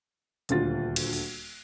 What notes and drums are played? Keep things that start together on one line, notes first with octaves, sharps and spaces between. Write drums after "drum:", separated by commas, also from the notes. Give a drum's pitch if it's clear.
D#1 D2 F4 A6, drum: hi-hat
drum: cymbal
drum: open hi-hat